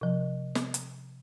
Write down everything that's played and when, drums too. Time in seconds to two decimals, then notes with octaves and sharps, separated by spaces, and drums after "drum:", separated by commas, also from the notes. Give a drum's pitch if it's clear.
0.01 C3 F3
0.55 drum: snare
0.74 drum: hi-hat